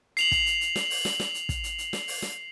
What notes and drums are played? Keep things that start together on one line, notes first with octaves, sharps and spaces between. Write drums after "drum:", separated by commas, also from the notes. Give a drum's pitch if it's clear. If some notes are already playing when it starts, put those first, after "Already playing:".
C7 F7 F#7, drum: hi-hat
drum: kick, hi-hat
drum: hi-hat
drum: hi-hat
drum: snare
drum: open hi-hat
drum: snare
drum: snare
drum: hi-hat
drum: kick, hi-hat
drum: hi-hat
drum: hi-hat
drum: snare
drum: open hi-hat
drum: snare